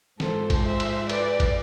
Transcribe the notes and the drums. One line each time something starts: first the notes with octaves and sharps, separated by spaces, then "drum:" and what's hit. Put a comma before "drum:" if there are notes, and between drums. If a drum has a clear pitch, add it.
G#2 F3 A4 C5, drum: snare
drum: kick, cymbal
C5 E5
drum: cymbal
B4 D5, drum: cymbal
drum: kick, cymbal